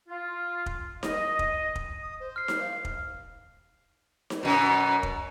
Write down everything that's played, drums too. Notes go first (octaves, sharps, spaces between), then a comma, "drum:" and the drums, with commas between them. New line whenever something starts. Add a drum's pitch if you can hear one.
F4
drum: kick
D#5, drum: snare D#4
drum: kick
drum: kick
D#6
C5
F6 C7
drum: snare D#4
F5
drum: kick
drum: snare D#4
F#2 B2
drum: kick